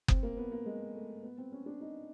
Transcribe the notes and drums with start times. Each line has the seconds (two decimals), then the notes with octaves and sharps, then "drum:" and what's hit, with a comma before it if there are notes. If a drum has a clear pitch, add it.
0.08 C4, drum: kick F#1
0.23 A#3
0.37 B3
0.52 A#3
0.66 G#3
0.95 A3
1.23 B3
1.38 C4
1.52 C#4
1.66 D4
1.81 D#4